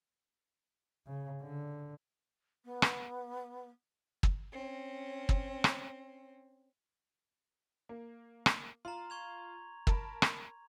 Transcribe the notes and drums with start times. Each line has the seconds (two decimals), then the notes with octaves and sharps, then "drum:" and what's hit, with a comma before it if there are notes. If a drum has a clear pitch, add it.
1.07 C#3
1.42 D3
2.65 B3
2.82 drum: rim click
4.23 drum: kick
4.51 C4 C#4
5.29 drum: kick
5.64 drum: rim click
7.89 A#3
8.46 drum: rim click
8.85 F4 A#5 C6
9.10 C#6 G#6 F7
9.87 A#4 A5 B5, drum: kick
10.22 drum: rim click